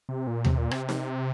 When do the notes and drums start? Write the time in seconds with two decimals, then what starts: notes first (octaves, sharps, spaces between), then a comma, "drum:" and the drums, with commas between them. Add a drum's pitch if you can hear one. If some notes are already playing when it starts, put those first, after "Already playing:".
0.09 C3
0.27 A#2
0.45 C3, drum: tom D#2
0.58 A#2
0.71 C3, drum: rim click
0.89 drum: snare D#4